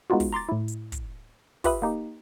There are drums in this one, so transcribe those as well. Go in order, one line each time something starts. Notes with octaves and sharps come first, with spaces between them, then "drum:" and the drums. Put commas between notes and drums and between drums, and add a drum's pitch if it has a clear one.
G#3 B3 D#4 F4 F#4
drum: kick, open hi-hat
A#5 C6 D6 A6
A2 E4
drum: hi-hat
drum: kick, hi-hat
F4 G4 B4 E5 B5 D#6, drum: kick, open hi-hat
A#3 D#4 G4